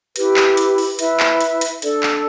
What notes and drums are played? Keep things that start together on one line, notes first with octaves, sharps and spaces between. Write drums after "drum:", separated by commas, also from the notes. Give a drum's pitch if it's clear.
E4 G4 B4, drum: hi-hat
drum: clap
drum: hi-hat
drum: open hi-hat
E4 B4 E5, drum: hi-hat
drum: clap
drum: hi-hat
drum: hi-hat
D4 A4 D5, drum: hi-hat
drum: clap